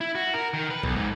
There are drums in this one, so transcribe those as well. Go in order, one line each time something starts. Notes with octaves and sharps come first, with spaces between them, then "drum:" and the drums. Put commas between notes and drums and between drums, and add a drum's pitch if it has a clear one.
E4
F#4
A#4
D#3
B4
B1, drum: kick A#1
G#2